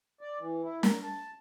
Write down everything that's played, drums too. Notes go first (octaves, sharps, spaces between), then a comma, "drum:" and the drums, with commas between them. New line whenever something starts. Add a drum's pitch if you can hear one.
D5
E3
E4
A#4, drum: snare
A5